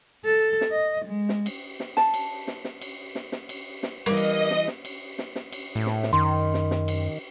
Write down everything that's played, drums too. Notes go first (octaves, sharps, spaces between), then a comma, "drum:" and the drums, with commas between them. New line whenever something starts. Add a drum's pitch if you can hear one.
A4
drum: snare
D#5
G#3
drum: snare
drum: cymbal
drum: snare
A5, drum: snare
drum: cymbal
drum: snare
drum: snare
drum: cymbal
drum: snare
drum: snare
drum: cymbal
drum: snare
E3 G3 A#3 D#5
drum: cymbal
drum: snare
drum: snare
drum: cymbal
drum: snare
drum: snare
drum: cymbal
A2
drum: snare
drum: snare
F#2 D#3 C6
drum: snare
drum: snare
drum: cymbal